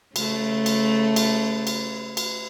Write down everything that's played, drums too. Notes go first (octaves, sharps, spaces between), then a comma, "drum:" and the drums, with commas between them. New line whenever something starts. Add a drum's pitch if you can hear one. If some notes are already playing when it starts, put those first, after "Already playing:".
C#3 A3, drum: cymbal
drum: cymbal
drum: cymbal
drum: cymbal
drum: cymbal